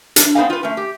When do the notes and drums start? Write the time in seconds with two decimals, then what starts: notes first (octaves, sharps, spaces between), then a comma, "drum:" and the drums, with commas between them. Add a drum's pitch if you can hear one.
0.16 D4, drum: hi-hat
0.35 B3 C4 D#4 G#4 D#5 F5
0.50 F4 B4
0.63 A3 C#4
0.77 G4